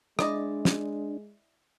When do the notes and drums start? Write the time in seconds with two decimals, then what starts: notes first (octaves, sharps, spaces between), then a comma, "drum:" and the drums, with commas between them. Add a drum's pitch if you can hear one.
0.19 G#3 D4 E4 D5 D#5, drum: rim click
0.65 drum: snare